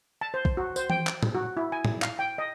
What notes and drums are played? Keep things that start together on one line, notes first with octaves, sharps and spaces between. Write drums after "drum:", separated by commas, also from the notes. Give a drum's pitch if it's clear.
A5
C5
drum: kick
F#4
C5, drum: tambourine
G5, drum: tom E3
drum: clap
drum: tom
F#4
E4
G#5
drum: tom
F5, drum: clap
G5
D#5